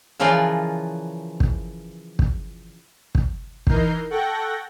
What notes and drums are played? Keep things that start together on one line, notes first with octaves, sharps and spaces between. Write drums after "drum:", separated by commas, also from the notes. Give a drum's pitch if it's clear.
C#3 E3 F3 F4 A#4 D5
drum: kick
drum: kick
drum: kick
E3 D#4 A#4 G6 C7, drum: kick
A4 F#5 G5 C#6 F#6 A#6